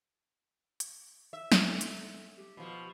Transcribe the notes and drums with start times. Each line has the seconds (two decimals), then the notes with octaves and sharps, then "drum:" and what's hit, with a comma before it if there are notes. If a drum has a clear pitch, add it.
0.80 drum: hi-hat
1.33 E5
1.52 A4, drum: snare
1.81 drum: hi-hat
2.37 G4
2.57 B2 F3